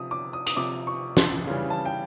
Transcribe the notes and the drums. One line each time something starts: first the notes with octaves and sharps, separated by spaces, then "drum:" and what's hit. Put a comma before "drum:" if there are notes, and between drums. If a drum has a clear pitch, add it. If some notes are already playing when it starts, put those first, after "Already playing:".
Already playing: C3 F3 D#6
D6
D#6
D#6, drum: hi-hat
C3 F3 D6
C#6
C6, drum: snare
C#3 E3 G3
A5
G5